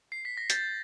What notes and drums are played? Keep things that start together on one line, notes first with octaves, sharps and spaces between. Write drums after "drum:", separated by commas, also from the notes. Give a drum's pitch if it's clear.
C7
B6
A#6
G6 A6, drum: hi-hat